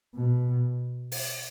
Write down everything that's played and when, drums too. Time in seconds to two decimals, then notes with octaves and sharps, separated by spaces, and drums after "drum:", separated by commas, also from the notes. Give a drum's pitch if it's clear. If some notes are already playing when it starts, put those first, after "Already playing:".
0.15 B2
1.12 drum: open hi-hat